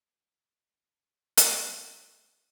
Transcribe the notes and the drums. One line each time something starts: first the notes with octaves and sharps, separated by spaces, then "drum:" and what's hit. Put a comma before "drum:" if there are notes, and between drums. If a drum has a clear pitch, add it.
drum: hi-hat
C3 C#4
D#4 G5
C2